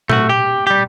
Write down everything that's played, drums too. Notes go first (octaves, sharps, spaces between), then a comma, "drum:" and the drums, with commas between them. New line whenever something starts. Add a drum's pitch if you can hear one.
A3 F#4, drum: tom A#2
G4
G3 G4